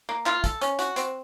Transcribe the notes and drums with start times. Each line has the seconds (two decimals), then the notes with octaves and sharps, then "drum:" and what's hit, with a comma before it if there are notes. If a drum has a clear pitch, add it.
0.09 A#3
0.26 F4, drum: clap
0.44 A4, drum: kick, hi-hat
0.61 C#4, drum: hi-hat
0.79 F#4, drum: hi-hat
0.96 C4, drum: hi-hat